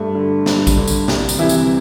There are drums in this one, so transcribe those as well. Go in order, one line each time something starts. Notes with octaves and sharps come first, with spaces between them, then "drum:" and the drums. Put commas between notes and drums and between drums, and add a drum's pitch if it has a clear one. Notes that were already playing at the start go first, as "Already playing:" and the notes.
Already playing: G2 A3
D3
G2, drum: snare
drum: kick A1, tambourine
D3
drum: tambourine
C2, drum: snare
drum: tambourine
C3 E3 E4
drum: tambourine